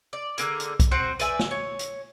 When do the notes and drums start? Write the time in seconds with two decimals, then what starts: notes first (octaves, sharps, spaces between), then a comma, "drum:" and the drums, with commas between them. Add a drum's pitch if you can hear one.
0.13 D5
0.38 D3 A#3 G#4, drum: hi-hat
0.60 drum: hi-hat
0.80 drum: kick B1, hi-hat
0.91 C4 F#4 C5
1.19 B4 D5 E5 G#5, drum: hi-hat
1.39 drum: snare
1.51 C#5
1.79 drum: hi-hat